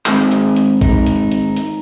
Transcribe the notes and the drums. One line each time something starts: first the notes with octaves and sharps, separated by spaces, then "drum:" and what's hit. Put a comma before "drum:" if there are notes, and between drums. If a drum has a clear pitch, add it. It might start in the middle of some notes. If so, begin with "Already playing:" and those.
G#2 D#3 G#3 C4 D#5, drum: clap
drum: hi-hat
drum: hi-hat
D#4, drum: kick G#1, hi-hat
drum: hi-hat
drum: hi-hat
drum: hi-hat